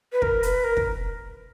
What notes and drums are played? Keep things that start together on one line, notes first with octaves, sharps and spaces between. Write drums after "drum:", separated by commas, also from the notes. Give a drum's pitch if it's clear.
B4
A#4, drum: kick
B4, drum: hi-hat
A#4
drum: kick